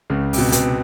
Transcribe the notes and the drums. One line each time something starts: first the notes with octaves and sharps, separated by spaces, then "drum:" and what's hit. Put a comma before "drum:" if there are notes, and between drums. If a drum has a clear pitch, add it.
C#2 C#3
C3, drum: open hi-hat
B2
C3
B2, drum: hi-hat